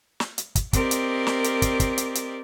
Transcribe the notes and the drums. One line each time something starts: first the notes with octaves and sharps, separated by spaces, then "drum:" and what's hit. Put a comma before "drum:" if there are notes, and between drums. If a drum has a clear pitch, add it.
drum: snare
drum: hi-hat
drum: kick, hi-hat
C4 G4 A#4 D5 D#5, drum: kick, hi-hat
drum: hi-hat
drum: snare
drum: hi-hat
drum: kick, hi-hat
drum: kick, hi-hat
drum: hi-hat
drum: hi-hat